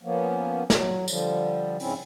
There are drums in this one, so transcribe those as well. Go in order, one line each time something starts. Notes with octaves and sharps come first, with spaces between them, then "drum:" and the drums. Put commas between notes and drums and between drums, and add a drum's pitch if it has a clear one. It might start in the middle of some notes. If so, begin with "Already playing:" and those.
F3 A#3 B3 C#4
F#3, drum: snare
D3 F3 G3, drum: tambourine
G#2 C#3 C4 C#4 E4, drum: open hi-hat